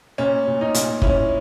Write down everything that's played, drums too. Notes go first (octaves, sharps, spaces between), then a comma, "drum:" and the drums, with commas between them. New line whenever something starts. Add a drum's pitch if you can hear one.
A#2 C#4
A#2
D#4
A#2, drum: hi-hat
A#2 C#4 E4, drum: kick